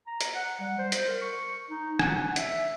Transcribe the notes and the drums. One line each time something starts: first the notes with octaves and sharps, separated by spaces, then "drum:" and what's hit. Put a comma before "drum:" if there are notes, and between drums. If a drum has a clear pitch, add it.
A#5
drum: hi-hat
F#5
G3
C5
drum: hi-hat
A#4
C#6
D#4
F#5, drum: rim click
F#5
E5, drum: hi-hat